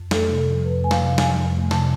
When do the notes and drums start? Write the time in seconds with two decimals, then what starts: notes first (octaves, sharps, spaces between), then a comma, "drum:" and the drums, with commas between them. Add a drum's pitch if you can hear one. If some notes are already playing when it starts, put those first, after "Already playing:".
Already playing: F2
0.11 A3 A4, drum: snare
0.29 C3
0.47 F3
0.65 F2 B4
0.82 A3 G#5
0.91 F5, drum: snare
1.00 C3
1.18 F3 G#5, drum: snare
1.36 F2
1.54 A3
1.71 C3 A5, drum: snare